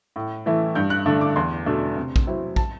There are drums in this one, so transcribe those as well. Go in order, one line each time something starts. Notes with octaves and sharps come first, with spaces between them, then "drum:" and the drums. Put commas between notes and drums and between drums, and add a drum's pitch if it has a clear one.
A2
E3 A3 E4
G2 G6
F#6
D3 A3 D4
D6
E2 C6
B2 A3 D4
C3
drum: kick
F#3 C4 E4
A5, drum: kick